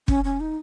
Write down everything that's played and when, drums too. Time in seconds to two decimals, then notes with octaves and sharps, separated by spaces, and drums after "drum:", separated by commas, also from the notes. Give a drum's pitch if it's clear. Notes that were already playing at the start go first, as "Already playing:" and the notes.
0.08 C#4, drum: kick
0.24 C#4
0.40 D#4